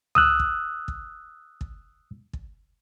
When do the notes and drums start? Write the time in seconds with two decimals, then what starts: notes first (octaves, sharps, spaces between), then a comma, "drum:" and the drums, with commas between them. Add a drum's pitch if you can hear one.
0.15 D#6 E6 F#6, drum: tom C#2
0.39 drum: kick
0.88 drum: kick
1.61 drum: kick
2.33 drum: kick